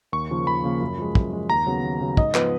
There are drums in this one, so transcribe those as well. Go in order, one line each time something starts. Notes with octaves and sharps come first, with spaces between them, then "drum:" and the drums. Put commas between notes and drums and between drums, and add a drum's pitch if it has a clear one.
D#2 C#6
C#3 F3 A#3
D#2 B5
C#3 F3 A#3
F#2
F3 G#3
F#2, drum: kick
F3 G#3
D#2 A#5
C#3 F#3 B3
D#2
C#3 F#3 B3
G#2 D#5, drum: kick
F3 B3 B4, drum: clap